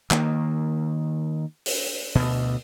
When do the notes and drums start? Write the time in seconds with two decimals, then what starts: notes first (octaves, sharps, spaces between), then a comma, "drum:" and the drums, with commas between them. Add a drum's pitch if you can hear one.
0.11 D#3 A#3, drum: clap
1.66 drum: open hi-hat
2.15 D2 B2